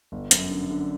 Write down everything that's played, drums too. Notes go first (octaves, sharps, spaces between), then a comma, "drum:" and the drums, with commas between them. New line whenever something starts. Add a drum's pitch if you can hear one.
G1
F#2, drum: hi-hat
D3
D3